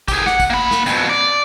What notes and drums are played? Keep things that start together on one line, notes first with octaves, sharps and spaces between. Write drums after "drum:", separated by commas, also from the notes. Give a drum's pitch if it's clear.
G4 G#4, drum: kick, tambourine
F#5, drum: snare
drum: kick, tambourine
A#3 B5
drum: snare
F2 B2, drum: tambourine
D5